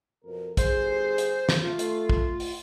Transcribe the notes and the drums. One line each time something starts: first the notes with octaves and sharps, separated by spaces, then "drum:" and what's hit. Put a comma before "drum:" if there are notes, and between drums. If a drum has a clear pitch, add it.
F2 B2 A#4
G1 D2 G#4 C5, drum: kick, hi-hat
drum: hi-hat
drum: snare
A3 F4
drum: hi-hat
drum: kick
drum: open hi-hat